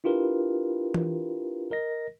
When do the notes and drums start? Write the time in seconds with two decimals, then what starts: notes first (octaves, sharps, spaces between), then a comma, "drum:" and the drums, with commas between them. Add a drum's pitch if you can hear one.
0.04 D4 E4 F4 G4 A#4 B4
0.94 drum: tom E3
1.71 A#4 D#5 A#6